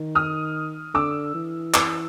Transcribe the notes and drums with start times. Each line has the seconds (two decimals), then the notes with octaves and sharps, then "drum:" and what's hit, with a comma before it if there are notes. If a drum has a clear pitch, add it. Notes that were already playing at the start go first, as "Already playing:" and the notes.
Already playing: D#3
0.15 D#6 F6
0.94 D3 D6 E6
1.35 E3
1.74 D6 E6, drum: clap